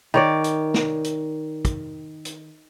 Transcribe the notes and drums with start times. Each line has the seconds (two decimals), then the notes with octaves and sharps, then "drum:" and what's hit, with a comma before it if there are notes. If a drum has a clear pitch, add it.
0.14 D#3 C#5 D5
0.44 drum: hi-hat
0.74 drum: snare
1.04 drum: hi-hat
1.65 drum: kick, hi-hat
2.25 drum: hi-hat